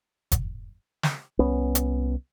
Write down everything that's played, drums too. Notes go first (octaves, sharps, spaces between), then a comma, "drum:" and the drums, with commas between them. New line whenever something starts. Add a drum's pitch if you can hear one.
drum: kick F1, hi-hat
drum: snare
C2 B3 C#4
drum: hi-hat